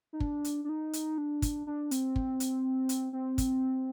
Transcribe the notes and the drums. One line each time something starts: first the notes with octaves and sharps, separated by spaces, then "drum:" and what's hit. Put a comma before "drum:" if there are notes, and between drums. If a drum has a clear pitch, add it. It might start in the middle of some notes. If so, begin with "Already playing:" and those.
D#4
D4, drum: kick
drum: hi-hat
D4
D#4
drum: hi-hat
D4
drum: kick, hi-hat
D4
C4, drum: hi-hat
drum: kick
drum: hi-hat
drum: hi-hat
C4
drum: kick, hi-hat